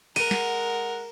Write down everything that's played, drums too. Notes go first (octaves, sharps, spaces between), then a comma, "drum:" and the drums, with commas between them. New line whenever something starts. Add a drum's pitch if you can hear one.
G#3 A#4 F#5 D#7, drum: cymbal
drum: snare